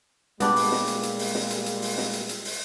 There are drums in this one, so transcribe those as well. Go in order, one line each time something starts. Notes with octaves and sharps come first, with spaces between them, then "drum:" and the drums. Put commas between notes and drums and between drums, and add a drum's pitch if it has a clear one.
A#2 G3 G#3 B3 D4 G4, drum: hi-hat
drum: open hi-hat
drum: snare
drum: hi-hat
drum: hi-hat
drum: open hi-hat
drum: snare
drum: hi-hat
drum: hi-hat
drum: open hi-hat
drum: snare
drum: hi-hat
drum: hi-hat
drum: open hi-hat